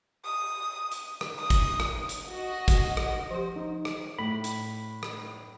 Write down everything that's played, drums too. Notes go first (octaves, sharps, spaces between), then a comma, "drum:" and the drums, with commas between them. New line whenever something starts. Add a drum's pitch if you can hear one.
D#6
drum: hi-hat
drum: rim click
D#6
drum: kick, hi-hat
drum: rim click
drum: hi-hat
F#4 D#5
drum: kick, hi-hat
drum: rim click
F3 G4 C5
D#4
drum: rim click
A2 B5
drum: hi-hat
drum: rim click